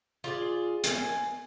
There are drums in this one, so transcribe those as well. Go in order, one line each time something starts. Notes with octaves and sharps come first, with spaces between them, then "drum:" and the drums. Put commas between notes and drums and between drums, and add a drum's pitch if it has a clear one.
F4 G#4 D5
G#5, drum: hi-hat